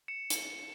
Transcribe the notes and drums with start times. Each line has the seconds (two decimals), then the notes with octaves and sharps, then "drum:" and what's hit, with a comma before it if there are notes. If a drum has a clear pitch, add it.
0.08 C#7 E7
0.30 drum: hi-hat